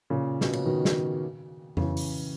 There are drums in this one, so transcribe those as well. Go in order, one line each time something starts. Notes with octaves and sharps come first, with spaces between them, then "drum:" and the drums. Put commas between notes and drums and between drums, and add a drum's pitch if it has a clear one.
A#2 C#3
B2, drum: snare
C#3, drum: cymbal
B2 D#3
drum: snare
C#3 E3, drum: tom F2
drum: open hi-hat